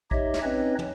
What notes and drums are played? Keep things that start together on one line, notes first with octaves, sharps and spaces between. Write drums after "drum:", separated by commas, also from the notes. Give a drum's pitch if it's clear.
D#4 G4 C#5 D#5 E5, drum: kick
drum: snare
C4 C#4 D#4 B4 C#5 D#5
drum: tom